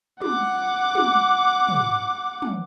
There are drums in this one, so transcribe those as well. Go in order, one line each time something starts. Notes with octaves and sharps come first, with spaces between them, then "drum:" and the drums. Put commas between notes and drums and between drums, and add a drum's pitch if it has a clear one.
F#5 D6, drum: tom
drum: tom
drum: tom
drum: tom